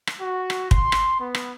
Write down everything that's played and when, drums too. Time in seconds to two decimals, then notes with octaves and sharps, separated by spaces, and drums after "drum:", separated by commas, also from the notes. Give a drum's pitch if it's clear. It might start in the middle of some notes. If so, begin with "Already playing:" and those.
0.07 drum: rim click
0.20 F#4
0.50 drum: rim click
0.71 C6, drum: kick
0.92 drum: rim click
1.20 B3
1.35 drum: rim click